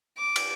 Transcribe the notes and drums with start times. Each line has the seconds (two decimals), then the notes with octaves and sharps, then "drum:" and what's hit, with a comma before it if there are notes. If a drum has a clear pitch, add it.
0.18 D6
0.36 drum: cymbal